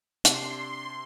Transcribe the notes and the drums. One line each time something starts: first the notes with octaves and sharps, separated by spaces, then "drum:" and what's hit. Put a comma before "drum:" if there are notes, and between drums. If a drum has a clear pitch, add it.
C3 D4 C6, drum: hi-hat